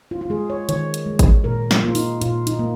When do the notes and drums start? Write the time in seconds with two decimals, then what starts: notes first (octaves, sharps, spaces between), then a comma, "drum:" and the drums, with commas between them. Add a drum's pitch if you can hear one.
0.11 F4
0.21 F4
0.30 G#3 G#4
0.50 C#5
0.69 D#3 C#5, drum: hi-hat
0.94 drum: hi-hat
1.06 G#3
1.19 drum: kick G#1, hi-hat
1.44 A#2 A#4
1.71 F4, drum: snare
1.83 A#3 F4
1.95 D#4, drum: open hi-hat
2.21 A#2 F4, drum: hi-hat
2.47 D#4, drum: hi-hat
2.59 A#3